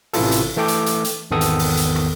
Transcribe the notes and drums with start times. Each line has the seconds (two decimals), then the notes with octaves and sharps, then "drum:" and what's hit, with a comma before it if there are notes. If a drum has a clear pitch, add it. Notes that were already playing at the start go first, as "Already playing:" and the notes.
0.13 A1 C3 E3 E4 F4 A4, drum: open hi-hat
0.32 drum: hi-hat
0.57 E3 A3 A4 G5 D6
0.68 drum: hi-hat
0.86 drum: hi-hat
1.05 drum: hi-hat
1.31 G#1 E2 D#3 B3 A4 D#6
1.41 drum: hi-hat
1.59 drum: open hi-hat
1.77 drum: hi-hat
1.96 drum: rim click